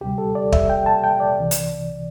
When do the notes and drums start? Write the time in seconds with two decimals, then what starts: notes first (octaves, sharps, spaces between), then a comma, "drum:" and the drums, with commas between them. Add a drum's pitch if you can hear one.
0.01 D2 C3 G3 G4
0.18 A4
0.35 D5
0.52 E5, drum: kick
0.70 G5
0.86 A5
1.04 G5
1.20 D5
1.37 C2 C3 E3
1.51 drum: hi-hat